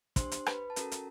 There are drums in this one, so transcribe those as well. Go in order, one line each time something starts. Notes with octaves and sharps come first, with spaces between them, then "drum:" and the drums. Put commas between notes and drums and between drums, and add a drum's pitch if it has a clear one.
D4 G4 C5 C6, drum: kick, hi-hat
drum: hi-hat
B4 B5, drum: rim click
A5
C#4 F#4 A4 A#4 A#5, drum: hi-hat
drum: hi-hat